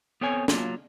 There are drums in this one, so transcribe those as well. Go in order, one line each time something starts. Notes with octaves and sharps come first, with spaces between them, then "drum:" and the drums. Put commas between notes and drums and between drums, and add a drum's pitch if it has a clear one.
B3 C4 A4 C#5 G#5
F#3 A#3 F4, drum: snare